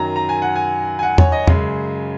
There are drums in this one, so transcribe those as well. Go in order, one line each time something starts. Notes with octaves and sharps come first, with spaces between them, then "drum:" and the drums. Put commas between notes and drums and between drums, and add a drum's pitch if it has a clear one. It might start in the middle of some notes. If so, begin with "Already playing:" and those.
Already playing: F#2 D#3 F#3 A#5
A#5
G#5
F#5
G#5
G#5
F#5
C#5, drum: tom
D#5
F#2 C#3 G#3, drum: tom